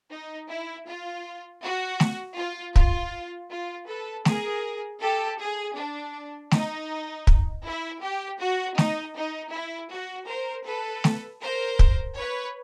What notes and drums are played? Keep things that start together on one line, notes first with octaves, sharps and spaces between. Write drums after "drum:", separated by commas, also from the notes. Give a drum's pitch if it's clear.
D#4
E4
F4
F#4
drum: snare A3
F4
F4, drum: kick
F4
A4 B4
G#4 A#4, drum: snare A3
G4 A4
G#4
D4
D#4, drum: snare A3
drum: kick
E4
G4
F#4
D#4, drum: snare A3
D#4
E4
F#4
A#4 C5
A4 B4
drum: snare A3
A#4 C5
drum: kick
B4 C#5